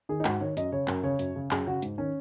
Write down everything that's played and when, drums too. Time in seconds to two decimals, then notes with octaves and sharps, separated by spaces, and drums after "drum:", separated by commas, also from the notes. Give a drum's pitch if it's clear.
0.09 D#3 G#4
0.20 D#4
0.25 G#2 F#4, drum: clap
0.41 D#3 C#5
0.57 F#2 D#5, drum: hi-hat
0.72 C#3 C#5
0.88 F#2 A#4, drum: clap
1.03 C#3 C#5
1.19 F#2, drum: hi-hat
1.36 C#3
1.51 F#2 G#4, drum: clap
1.67 C#3 F#4
1.82 G#2, drum: hi-hat
1.98 D#3 C#4